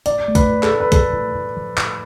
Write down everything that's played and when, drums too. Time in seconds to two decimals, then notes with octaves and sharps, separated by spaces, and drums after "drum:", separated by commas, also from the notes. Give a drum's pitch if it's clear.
0.06 A2 D5, drum: hi-hat
0.28 A3
0.35 B4, drum: kick, hi-hat
0.49 A2
0.63 A4, drum: clap
0.71 A2
0.80 B4
0.92 F3 A4, drum: kick, hi-hat
1.13 A2
1.35 A2
1.57 F3
1.77 A2, drum: clap